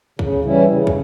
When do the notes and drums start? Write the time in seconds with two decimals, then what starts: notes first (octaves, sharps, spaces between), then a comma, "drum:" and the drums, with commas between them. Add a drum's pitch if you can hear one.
0.19 C#3, drum: kick
0.45 E3 G3 C#4 E4
0.70 C#3
0.87 drum: kick